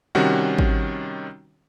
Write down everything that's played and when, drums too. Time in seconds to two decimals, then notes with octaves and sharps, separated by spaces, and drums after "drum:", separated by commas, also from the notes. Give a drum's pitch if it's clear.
0.15 C3 D#3 G3 C#4 F#4
0.59 drum: kick G#1